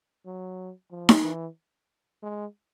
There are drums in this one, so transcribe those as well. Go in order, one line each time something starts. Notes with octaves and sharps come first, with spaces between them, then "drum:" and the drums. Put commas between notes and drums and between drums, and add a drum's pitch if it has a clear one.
F#3
F3
drum: snare D#4
E3
G#3